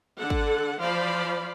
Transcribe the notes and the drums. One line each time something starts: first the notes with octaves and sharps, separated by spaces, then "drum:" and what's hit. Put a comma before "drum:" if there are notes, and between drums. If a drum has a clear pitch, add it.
D3 A4 F#5
drum: kick
F3 C5 D5 F5 B5